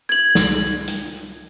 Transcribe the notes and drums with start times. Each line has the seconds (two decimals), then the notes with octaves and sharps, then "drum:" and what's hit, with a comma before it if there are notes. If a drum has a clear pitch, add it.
0.09 G#6 F#7
0.35 drum: snare
0.88 drum: hi-hat